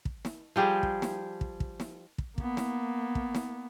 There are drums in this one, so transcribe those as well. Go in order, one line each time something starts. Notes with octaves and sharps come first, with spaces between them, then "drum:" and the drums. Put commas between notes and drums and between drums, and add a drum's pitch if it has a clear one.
drum: kick
drum: snare
F3 G3 G4 G#4
drum: kick
drum: snare
drum: kick
drum: kick
drum: snare
drum: kick
A#3 B3, drum: kick
drum: snare
drum: kick
drum: snare